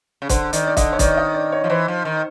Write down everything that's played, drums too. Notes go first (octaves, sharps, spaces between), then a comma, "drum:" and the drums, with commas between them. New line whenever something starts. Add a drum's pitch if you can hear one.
C#3
D3 C5, drum: kick, hi-hat
D#3 D5, drum: hi-hat
D5
D3 D#5, drum: kick, hi-hat
C#5
D#3 D5, drum: kick, hi-hat
D#5
D5
C#5
F3
E3 C5
F3
D#3